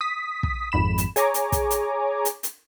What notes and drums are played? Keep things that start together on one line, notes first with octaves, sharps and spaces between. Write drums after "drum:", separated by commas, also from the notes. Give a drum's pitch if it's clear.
D#6 B6
drum: kick
G#1 F2 G#2 B5 E7
drum: hi-hat
G#4 C#5 G#5 A#5 D6, drum: hi-hat
drum: hi-hat
drum: kick, hi-hat
drum: hi-hat
drum: hi-hat
drum: hi-hat